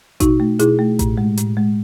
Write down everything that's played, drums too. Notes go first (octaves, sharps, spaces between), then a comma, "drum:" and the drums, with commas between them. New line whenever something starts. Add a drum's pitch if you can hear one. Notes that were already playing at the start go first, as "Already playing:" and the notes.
B2 D#4 F#4, drum: kick A1, hi-hat
A3
B2 E4 G#4, drum: hi-hat
A3
A2, drum: kick A1, hi-hat
G#3
A2, drum: hi-hat
G#3